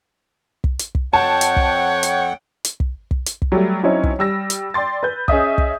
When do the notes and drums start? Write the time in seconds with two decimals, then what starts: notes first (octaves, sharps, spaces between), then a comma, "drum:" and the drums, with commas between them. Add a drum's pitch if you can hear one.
0.64 drum: kick
0.79 drum: hi-hat
0.95 drum: kick
1.13 F2 C#5 F#5 G5 A5
1.41 drum: hi-hat
1.56 drum: kick
2.03 drum: hi-hat
2.65 drum: hi-hat
2.80 drum: kick
3.11 drum: kick
3.26 drum: hi-hat
3.42 drum: kick
3.52 F#3 G3 A3
3.83 F#3 C4 C#4 D#4 E4 C#5
4.03 drum: kick
4.19 G3 E6 A#6
4.50 drum: hi-hat
4.74 D5 G5 C6 A6
5.03 B4 G6
5.28 C#4 G#4 D#5 E5 D#6, drum: kick
5.58 drum: kick